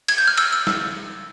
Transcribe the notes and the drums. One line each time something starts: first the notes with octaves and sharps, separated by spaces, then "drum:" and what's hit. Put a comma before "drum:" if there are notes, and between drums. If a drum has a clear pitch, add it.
G#6, drum: cymbal
G6
F6
E6, drum: cymbal
E6
drum: snare